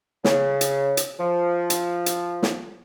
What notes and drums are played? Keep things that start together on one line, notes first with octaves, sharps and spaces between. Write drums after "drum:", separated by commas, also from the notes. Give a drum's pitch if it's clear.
C#3, drum: snare
drum: hi-hat
drum: hi-hat
F3
drum: hi-hat
drum: hi-hat
drum: snare